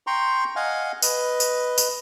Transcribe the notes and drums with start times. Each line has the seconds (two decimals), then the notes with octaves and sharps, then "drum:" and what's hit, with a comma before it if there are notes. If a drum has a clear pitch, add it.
0.07 G5 A#5 C6 C#6
0.56 D#5 F5 F#5 G#5
1.02 B4 D#5, drum: tambourine
1.40 drum: tambourine
1.78 drum: tambourine